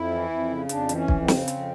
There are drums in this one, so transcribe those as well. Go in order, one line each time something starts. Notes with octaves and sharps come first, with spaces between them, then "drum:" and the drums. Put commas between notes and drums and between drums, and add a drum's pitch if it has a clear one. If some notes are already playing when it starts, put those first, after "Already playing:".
Already playing: F2 E4
E3
F2
C#3
F2 D4, drum: hi-hat
E3 C4, drum: hi-hat
C#4
F2, drum: kick B1
C4
C#3, drum: snare
F2, drum: hi-hat